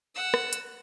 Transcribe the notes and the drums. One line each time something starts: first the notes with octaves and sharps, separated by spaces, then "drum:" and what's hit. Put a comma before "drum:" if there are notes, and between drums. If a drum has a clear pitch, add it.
F#5 E6
drum: rim click
drum: hi-hat